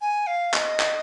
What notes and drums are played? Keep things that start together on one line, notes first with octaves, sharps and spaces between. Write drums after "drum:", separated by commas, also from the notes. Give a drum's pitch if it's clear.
G#5
F5
D#5, drum: clap
drum: clap